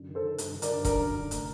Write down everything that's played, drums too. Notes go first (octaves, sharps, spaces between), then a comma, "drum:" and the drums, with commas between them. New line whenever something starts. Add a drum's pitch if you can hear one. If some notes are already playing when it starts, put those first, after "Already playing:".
Already playing: F#2 D3
D#3
A4 C5
D#3
G2, drum: hi-hat
D3
A#4 D5, drum: hi-hat
G2
D3 A#4 D5, drum: kick E1, hi-hat
F#2
D3
A2, drum: hi-hat